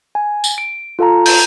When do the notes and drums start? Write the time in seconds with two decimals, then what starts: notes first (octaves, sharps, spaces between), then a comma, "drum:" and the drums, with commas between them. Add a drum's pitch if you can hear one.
0.15 G#5
0.44 drum: tambourine
0.58 D7
0.99 F4 A4 F5 A5 A#5
1.26 G6, drum: open hi-hat